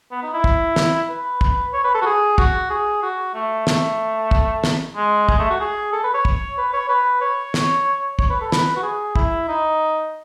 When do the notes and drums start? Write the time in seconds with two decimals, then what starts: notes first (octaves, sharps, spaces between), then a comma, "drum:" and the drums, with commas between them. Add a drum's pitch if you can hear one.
0.11 B3
0.23 D#4
0.34 E4
0.44 drum: kick
0.76 drum: snare
1.09 B4
1.41 drum: kick
1.73 C#5
1.84 B4
1.95 A4
2.02 F#4
2.06 G#4
2.38 F#4, drum: kick
2.70 G#4
3.03 F#4
3.34 A3
3.67 A3, drum: snare
4.31 drum: kick
4.64 drum: snare
4.96 G#3
5.29 G#3, drum: kick
5.39 A3
5.50 F#4
5.60 G#4
5.93 A4
6.04 B4
6.14 C#5
6.25 drum: kick
6.58 B4
6.73 C#5
6.89 B4
7.21 C#5
7.54 drum: snare
8.19 C#5, drum: kick
8.30 B4
8.41 A4
8.52 B4, drum: snare
8.77 F#4
8.83 G#4
9.16 E4, drum: kick
9.48 D#4